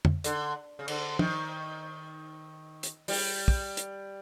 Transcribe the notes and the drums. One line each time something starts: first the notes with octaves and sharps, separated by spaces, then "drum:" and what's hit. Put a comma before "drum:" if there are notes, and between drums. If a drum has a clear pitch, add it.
drum: tom
D3, drum: hi-hat
C#3
D3, drum: cymbal
D#3, drum: tom
drum: hi-hat
G3, drum: open hi-hat
drum: kick
drum: hi-hat